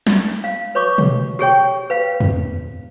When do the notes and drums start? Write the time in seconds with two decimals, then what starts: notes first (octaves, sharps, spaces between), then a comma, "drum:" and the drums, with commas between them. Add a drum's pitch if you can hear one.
0.07 drum: snare
0.44 F5
0.75 B4 C#5 C#6 D6
0.98 drum: tom B2
1.39 G4 G#4 C#5 G5
1.90 B4 F5
2.20 drum: tom E2